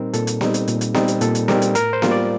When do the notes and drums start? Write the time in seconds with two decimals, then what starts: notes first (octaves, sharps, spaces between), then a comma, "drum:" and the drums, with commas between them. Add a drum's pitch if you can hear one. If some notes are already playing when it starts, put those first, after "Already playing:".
Already playing: A#2 G3 C4 D#4 A#4
0.14 A#2 A4, drum: hi-hat
0.27 drum: hi-hat
0.41 G3 C4 D#4, drum: snare B3
0.54 drum: hi-hat
0.68 A#2, drum: hi-hat
0.81 drum: hi-hat
0.94 G3 C4 D#4, drum: snare B3
1.08 drum: hi-hat
1.21 A#2 A4, drum: hi-hat
1.35 drum: hi-hat
1.48 G3 C4 D#4 A#4, drum: snare B3
1.62 drum: hi-hat
1.75 A2 A#4, drum: hi-hat
1.93 C5
2.02 G3 A#3 F4, drum: snare B3
2.11 D5